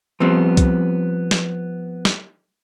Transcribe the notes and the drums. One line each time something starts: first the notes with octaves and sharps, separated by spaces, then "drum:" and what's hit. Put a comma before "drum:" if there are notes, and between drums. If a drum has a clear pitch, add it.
F3 G3 B3 C4
drum: kick C2, hi-hat
drum: snare
drum: snare